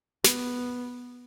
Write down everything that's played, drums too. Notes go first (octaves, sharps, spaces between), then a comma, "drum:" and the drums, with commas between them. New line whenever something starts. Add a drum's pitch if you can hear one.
B3, drum: snare